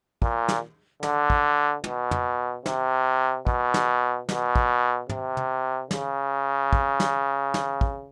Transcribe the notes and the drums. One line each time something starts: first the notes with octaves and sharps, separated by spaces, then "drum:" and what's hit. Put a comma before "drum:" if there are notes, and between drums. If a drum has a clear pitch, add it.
A#2, drum: kick
drum: snare
D3, drum: snare
drum: kick
B2, drum: tom
drum: tom
C3, drum: snare
B2, drum: kick
drum: snare
B2, drum: snare
drum: kick
C3, drum: tom
drum: tom
C#3, drum: snare
drum: kick
drum: snare
drum: snare
drum: kick